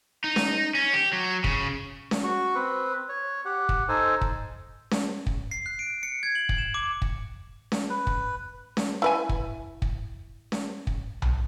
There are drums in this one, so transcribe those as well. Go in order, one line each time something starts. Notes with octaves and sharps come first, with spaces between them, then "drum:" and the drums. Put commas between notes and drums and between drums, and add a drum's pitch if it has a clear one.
D#4
drum: snare C#4
C#4
G4
F#3
C#3, drum: kick
drum: snare C#4
F#4 C#6
C4 B4
C#5
G4 F#5
drum: kick
D#4 A4 C5 G#5
drum: kick
drum: snare C#4
drum: kick
C7
F#6
D7
C#7
G#6
F#7
drum: kick
E7
D6
drum: kick
drum: snare C#4
B4
drum: kick
drum: snare C#4
E4 B4 G#5
drum: kick
drum: kick
drum: snare C#4
drum: kick
drum: tom B1